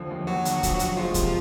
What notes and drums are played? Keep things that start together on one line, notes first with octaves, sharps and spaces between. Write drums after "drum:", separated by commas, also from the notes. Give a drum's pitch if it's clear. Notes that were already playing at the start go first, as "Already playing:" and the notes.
Already playing: D#2 D3 F3
D#2
D#2 F#3 F#4
D3, drum: hi-hat
F3, drum: kick, hi-hat
D#2, drum: hi-hat
F3 G#3 F4
C3, drum: kick, hi-hat